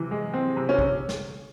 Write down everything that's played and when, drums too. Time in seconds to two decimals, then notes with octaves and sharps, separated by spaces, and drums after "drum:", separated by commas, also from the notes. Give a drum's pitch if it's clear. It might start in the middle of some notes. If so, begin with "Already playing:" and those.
Already playing: C3 E3
0.11 G#3
0.34 C4
0.57 C3
0.69 C#4
0.79 drum: kick
1.09 drum: snare